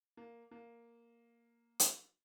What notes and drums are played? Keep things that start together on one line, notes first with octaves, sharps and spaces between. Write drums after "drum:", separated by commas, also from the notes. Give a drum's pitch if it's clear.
A#3
A#3
drum: hi-hat